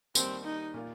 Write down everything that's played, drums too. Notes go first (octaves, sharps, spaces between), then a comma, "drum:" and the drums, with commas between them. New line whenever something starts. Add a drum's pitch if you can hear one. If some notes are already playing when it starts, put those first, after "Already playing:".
D#2 D#3 G3 C4, drum: tambourine
D#4
A#2 A#3 F4